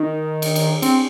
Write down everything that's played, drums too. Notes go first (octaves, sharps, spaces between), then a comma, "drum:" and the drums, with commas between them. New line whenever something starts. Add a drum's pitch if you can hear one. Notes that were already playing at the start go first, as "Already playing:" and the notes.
Already playing: D#3
drum: cymbal
drum: cymbal
C4, drum: cymbal